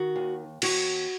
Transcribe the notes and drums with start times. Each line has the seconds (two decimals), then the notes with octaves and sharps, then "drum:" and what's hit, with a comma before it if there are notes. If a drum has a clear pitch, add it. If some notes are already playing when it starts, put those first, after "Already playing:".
Already playing: D#3 F#4
0.16 D#2
0.62 D#2 F#4, drum: cymbal